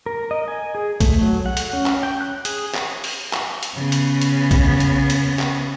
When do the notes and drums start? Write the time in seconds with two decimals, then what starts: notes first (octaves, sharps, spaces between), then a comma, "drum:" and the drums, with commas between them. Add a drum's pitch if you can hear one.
0.06 A#4
0.31 D#5
0.48 G#5
0.75 G#4
1.01 A3, drum: kick B1, hi-hat
1.21 F#3
1.46 F#5
1.57 drum: hi-hat
1.73 C#4
1.86 drum: clap
2.03 G5
2.21 F#6
2.45 G#4, drum: hi-hat
2.74 drum: clap
3.04 drum: open hi-hat
3.33 drum: clap
3.63 drum: hi-hat
3.76 C#3 B3
3.92 drum: hi-hat
4.22 drum: hi-hat
4.51 drum: kick B1, hi-hat
4.80 drum: hi-hat
5.10 drum: hi-hat
5.39 drum: clap